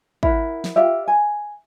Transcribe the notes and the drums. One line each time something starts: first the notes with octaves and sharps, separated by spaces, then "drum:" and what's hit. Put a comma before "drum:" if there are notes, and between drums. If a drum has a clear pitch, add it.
E4 A#4 F#5, drum: kick
drum: snare
F4 G4 E5
G#5